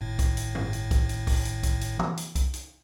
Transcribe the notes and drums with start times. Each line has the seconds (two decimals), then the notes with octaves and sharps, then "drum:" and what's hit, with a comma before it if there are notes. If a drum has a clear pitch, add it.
0.01 G#1 A2
0.19 drum: kick C2, hi-hat
0.37 drum: hi-hat
0.55 drum: tom G2
0.73 drum: hi-hat
0.91 drum: kick C2, hi-hat
1.09 drum: hi-hat
1.27 drum: kick C2, open hi-hat
1.45 drum: hi-hat
1.63 drum: kick C2, hi-hat
1.81 drum: hi-hat
1.99 drum: tom E3
2.17 drum: hi-hat
2.35 drum: kick C2, hi-hat
2.54 drum: hi-hat